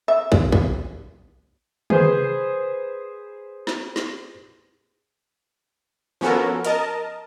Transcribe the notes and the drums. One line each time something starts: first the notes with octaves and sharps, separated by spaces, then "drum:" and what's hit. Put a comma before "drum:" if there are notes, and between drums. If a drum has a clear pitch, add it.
E5
drum: kick
drum: kick
G#4 B4 C5, drum: tom
drum: snare
drum: snare
F3 B3 C#4 F#4 A4 A#4
A#4 D#5 A5, drum: hi-hat